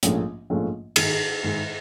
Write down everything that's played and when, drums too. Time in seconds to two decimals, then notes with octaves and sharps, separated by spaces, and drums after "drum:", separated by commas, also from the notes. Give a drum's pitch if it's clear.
0.03 A#1 G#2 F3 A3 C#4, drum: hi-hat
0.50 A#1 G#2 F3 A3 C#4
0.96 G#2 D#3 G#3, drum: cymbal
1.43 G#2 D#3 G#3